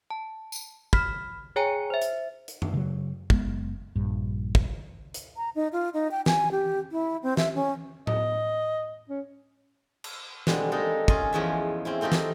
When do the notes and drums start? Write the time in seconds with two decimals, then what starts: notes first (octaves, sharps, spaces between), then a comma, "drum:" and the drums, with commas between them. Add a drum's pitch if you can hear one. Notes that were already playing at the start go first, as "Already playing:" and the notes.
0.10 A5
0.52 drum: tambourine
0.93 B5 F6 B6, drum: kick
1.56 G#4 C#5 G5 G#5 A#5 C#7
1.90 C5 E5
2.02 drum: hi-hat
2.48 drum: hi-hat
2.62 drum: tom F#2
2.74 C#3 F#3
3.30 F#1 G#3 B3, drum: kick
3.96 A#1 G2
4.55 drum: kick
5.14 drum: hi-hat
5.37 A#5
5.55 D#4
5.72 F4
5.94 D#4
6.11 G5
6.26 G#5, drum: snare
6.51 G4
6.92 E4
7.23 C4
7.37 E5, drum: snare
7.55 C#4
8.07 D#5, drum: tom A2
9.09 C#4
10.04 drum: cymbal
10.47 B2 D3 G3 G#3 C4, drum: snare
10.72 G#3 A#3 D#4 A4
11.08 C#4 F4 G#4, drum: kick
11.33 E2 F3 G#3 C#4 C5 E5
11.85 C4 C#4 E4
12.01 A3 C4 D#4 F4 G4
12.12 drum: snare